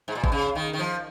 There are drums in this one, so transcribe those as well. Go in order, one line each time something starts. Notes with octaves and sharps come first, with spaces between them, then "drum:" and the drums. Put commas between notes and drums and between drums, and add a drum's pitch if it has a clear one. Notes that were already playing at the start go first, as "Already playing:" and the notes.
G#2
A#2
B2, drum: kick G#1
C#3
D#3
D#3
F3